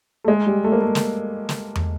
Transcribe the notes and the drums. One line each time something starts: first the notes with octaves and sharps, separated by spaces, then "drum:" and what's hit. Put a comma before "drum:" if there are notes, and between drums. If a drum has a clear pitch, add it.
A3
G#3
G3
A3
A#3
A3
drum: snare
drum: snare
drum: tom